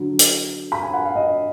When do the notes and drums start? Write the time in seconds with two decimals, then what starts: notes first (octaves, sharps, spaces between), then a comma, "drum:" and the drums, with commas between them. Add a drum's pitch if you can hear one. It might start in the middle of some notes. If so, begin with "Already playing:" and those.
Already playing: D3 F#3
0.19 drum: hi-hat
0.72 B5
0.83 G#5
0.94 F#5
1.05 F5
1.16 D#5